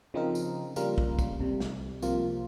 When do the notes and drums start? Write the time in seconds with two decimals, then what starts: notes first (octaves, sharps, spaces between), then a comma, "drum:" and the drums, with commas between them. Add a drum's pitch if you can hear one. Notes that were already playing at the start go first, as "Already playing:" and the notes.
0.14 C#3 F3 C4 D#4 A#4
0.35 drum: tambourine
0.76 C#3 G3 A#3 F4 A#4, drum: tambourine
0.98 drum: kick
1.19 drum: kick, tambourine
1.40 C2 C3 G3
1.60 drum: snare
2.02 C2 C3 F3 A#3 F4, drum: tambourine